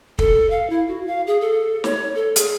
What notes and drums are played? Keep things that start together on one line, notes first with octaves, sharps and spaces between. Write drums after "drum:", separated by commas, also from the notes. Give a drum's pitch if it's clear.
A4, drum: kick
F5
E4
F#4
F5
G#4
A4
C#5, drum: snare
A4
G#4, drum: hi-hat